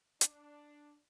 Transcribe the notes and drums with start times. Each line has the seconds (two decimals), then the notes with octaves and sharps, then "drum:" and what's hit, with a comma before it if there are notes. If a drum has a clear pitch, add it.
0.21 D4, drum: hi-hat